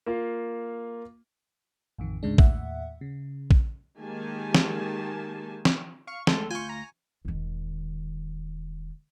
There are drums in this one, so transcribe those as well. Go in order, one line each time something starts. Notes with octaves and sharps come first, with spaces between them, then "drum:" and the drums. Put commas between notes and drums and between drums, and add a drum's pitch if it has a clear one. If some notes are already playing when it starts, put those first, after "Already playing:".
A#3 F4
A1 F2 D#3
D2 G#2 C#3 G#3 D4
D#2 A2 E5 F#5, drum: kick
C#3
drum: kick
D#3 G#3 A#3 G4 G#5 A5
drum: snare
drum: snare
F5 C#6
D2 G#3 A3 A4 C6, drum: snare
F4 G#5 C#6 G6
A#5
E1 D#3